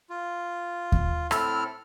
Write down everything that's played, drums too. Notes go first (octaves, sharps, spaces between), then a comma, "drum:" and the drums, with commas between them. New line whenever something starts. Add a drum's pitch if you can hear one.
F4
drum: kick D#2
A2 C4 E4 A4 F6, drum: rim click